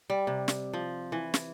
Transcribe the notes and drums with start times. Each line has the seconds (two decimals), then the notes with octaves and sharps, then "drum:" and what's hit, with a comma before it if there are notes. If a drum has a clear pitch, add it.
0.10 G3
0.27 C3
0.48 drum: snare
0.73 F3
1.12 E3
1.34 drum: snare